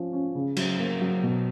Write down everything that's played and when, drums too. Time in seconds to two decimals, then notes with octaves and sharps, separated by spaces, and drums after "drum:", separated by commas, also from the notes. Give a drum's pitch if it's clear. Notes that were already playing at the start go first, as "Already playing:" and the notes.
Already playing: F3 C#4
0.13 C#4
0.35 C#3
0.56 F#3, drum: cymbal
0.78 A#3
1.01 F#3
1.23 B2